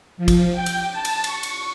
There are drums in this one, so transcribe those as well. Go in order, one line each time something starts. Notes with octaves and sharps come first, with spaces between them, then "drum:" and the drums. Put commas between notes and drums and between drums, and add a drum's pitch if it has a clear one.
F3
drum: kick, cymbal
G5
drum: cymbal
A5
drum: cymbal
C#6, drum: cymbal
drum: cymbal